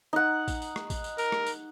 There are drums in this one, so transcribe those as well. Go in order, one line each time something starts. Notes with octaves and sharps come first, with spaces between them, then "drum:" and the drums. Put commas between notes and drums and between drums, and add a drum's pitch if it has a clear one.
D#4 F#5
drum: kick A1, tambourine
drum: tambourine
drum: rim click
drum: kick A1, tambourine
drum: tambourine
A#4, drum: tambourine
drum: rim click
drum: tambourine